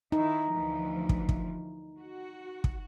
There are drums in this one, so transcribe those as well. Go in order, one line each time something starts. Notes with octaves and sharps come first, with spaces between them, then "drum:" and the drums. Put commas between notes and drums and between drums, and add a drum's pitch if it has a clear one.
D#3 D#4 E4
D2 E3 F3
drum: kick
drum: kick
F#4
drum: kick